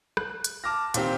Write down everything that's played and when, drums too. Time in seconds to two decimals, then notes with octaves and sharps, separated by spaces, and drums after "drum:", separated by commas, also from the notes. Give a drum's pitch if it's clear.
0.17 F#6, drum: rim click
0.44 drum: hi-hat
0.64 A5 D6 F6 A#6
0.94 A#2 D#3 C4 G4, drum: hi-hat